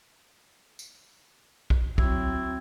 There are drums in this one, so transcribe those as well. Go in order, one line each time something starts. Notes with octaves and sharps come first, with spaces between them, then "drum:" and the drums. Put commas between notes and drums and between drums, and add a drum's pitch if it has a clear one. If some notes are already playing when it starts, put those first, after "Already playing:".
drum: tambourine
drum: kick
D2 F#3 C4 E4, drum: kick